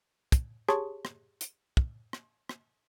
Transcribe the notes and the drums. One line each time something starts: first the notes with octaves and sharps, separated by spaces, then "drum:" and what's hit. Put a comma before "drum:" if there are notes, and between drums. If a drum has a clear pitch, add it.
drum: kick, hi-hat
G4 G#4 C#5 A5 C6 C#6, drum: rim click
drum: rim click
drum: hi-hat
drum: kick
drum: rim click
drum: rim click